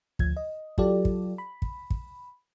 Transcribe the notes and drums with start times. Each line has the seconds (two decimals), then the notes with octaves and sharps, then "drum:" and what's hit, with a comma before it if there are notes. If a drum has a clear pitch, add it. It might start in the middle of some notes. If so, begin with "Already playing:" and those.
0.19 D2 F3 G#6, drum: kick
0.37 D#5
0.78 F#3 F4 G4 A4 D5, drum: kick
1.05 drum: kick
1.38 B5
1.62 drum: kick
1.90 drum: kick